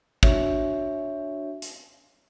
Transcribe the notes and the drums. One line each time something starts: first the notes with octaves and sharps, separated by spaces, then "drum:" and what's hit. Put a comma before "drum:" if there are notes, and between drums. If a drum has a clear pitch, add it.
D4 F#4 C#5 E5, drum: kick
drum: hi-hat